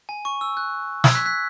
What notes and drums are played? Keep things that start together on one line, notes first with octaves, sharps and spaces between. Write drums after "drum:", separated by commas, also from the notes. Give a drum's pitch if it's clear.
G#5
C#6
E6
F#6
E6 G#6, drum: snare
F#6 B6
F#6 B6